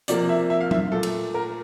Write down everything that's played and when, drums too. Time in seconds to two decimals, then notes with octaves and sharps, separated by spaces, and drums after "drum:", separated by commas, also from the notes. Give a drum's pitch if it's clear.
0.08 C3 F3 A#3 D5, drum: hi-hat
0.29 E5
0.50 E5
0.60 F5
0.71 E5, drum: tom F#3
0.92 A#2 A3 A4
1.03 drum: cymbal
1.34 A#4